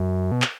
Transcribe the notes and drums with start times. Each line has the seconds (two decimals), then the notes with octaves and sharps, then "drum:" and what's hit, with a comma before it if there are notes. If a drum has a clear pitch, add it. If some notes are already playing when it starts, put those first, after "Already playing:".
Already playing: F#2
0.32 B2
0.42 drum: clap